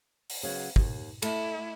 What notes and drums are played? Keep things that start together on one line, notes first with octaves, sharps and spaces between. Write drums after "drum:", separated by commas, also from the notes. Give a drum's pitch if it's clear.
drum: open hi-hat
C#3 F#3 B3
D#2, drum: kick
A3 E4, drum: cymbal